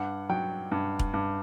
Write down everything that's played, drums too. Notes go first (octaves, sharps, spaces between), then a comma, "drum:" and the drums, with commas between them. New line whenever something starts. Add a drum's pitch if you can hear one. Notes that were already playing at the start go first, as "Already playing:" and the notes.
Already playing: G2 F#5
F#3 G5
G2
drum: kick E1
G2